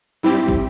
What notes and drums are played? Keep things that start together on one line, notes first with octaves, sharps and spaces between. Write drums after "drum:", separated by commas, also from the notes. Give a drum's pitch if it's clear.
G2 G3 C4 E4 G4
drum: kick